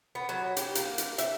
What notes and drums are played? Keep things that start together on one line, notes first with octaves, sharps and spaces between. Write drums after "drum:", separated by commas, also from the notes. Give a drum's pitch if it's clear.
B3
F#3
G4, drum: hi-hat
A#3, drum: hi-hat
drum: hi-hat
E5, drum: hi-hat